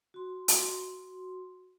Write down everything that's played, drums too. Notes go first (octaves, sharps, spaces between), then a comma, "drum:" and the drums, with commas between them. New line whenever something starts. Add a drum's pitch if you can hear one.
F#4 C6
drum: hi-hat